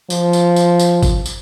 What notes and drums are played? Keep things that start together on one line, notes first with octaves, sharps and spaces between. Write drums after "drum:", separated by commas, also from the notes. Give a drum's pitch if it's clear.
F3, drum: tambourine
drum: tambourine
drum: tambourine
drum: tambourine
drum: kick G1, tambourine
drum: tambourine